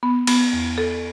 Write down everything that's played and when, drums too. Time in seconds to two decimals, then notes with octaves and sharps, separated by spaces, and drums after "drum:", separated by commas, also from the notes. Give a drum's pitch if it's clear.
0.03 B3
0.27 B3, drum: cymbal
0.53 E2
0.78 A4